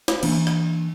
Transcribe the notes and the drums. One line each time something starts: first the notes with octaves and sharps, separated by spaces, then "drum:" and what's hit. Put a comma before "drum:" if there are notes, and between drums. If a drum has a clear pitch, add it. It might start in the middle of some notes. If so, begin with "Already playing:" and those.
drum: snare
E3 A#3 D4, drum: cymbal
drum: rim click